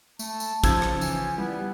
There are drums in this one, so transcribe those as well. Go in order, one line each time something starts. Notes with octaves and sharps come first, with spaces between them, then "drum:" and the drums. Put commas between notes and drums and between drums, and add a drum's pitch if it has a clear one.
A3 A5, drum: tambourine
drum: tambourine
C#3 F3 D#4 E6 G#6, drum: kick, tambourine
drum: rim click
E3 G#5, drum: tambourine
G3 B3 E4